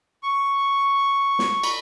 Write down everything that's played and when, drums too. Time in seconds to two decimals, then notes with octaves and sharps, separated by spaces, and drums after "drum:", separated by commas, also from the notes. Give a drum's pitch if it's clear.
0.23 C#6
1.39 drum: snare
1.63 B5, drum: cymbal